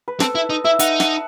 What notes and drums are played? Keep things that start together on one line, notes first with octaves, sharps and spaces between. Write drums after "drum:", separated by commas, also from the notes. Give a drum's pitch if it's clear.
B4
C4 A4, drum: snare
E4
D#4 D#5
E4 E5
D#4 F#5, drum: hi-hat
F#5, drum: snare